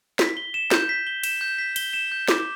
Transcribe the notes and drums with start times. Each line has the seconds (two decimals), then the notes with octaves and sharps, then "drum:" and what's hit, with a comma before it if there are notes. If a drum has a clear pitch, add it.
0.19 B6, drum: snare
0.37 G7
0.54 E7
0.71 G6, drum: snare
0.89 B6
1.07 G7
1.24 E7, drum: cymbal
1.41 G6
1.58 B6
1.76 G7, drum: cymbal
1.93 E7
2.12 G6
2.28 D6, drum: snare